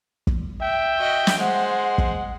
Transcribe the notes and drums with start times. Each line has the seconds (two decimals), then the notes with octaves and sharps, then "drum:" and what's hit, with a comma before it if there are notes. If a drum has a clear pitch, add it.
0.27 drum: kick
0.61 E5 G5
0.98 F#4 D#5
1.27 drum: snare
1.38 G#3 C5 F#5
1.98 drum: kick